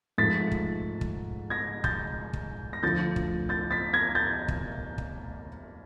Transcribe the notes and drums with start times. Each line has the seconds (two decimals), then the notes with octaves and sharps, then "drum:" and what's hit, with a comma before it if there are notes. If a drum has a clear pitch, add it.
0.18 G#2 F3 A3 A6 B6
0.52 drum: kick
1.01 drum: kick
1.50 G#6 A#6
1.84 G6 A6, drum: kick
2.33 drum: kick
2.73 A#6
2.83 D2 D3 F3 G6 A6
3.16 drum: kick
3.49 G6 A6
3.71 A6 B6
3.93 G#6 A#6
4.15 G6 A6
4.48 drum: kick
4.98 drum: kick